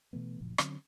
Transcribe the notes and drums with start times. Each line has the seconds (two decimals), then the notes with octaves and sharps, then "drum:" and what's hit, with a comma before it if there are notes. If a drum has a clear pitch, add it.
0.13 B2 E3 A3 B3
0.41 F#1 D2 A#2 F3
0.58 D3 F#3 C4 C#4, drum: rim click